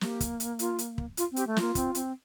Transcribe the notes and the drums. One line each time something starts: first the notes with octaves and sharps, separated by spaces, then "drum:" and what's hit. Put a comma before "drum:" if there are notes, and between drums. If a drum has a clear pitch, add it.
A#3 G4, drum: snare
drum: kick, hi-hat
drum: hi-hat
F4, drum: hi-hat
drum: hi-hat
drum: kick
F4, drum: hi-hat
C4
G4, drum: hi-hat
A3
A#3 F4, drum: snare
C4, drum: kick, hi-hat
C4, drum: hi-hat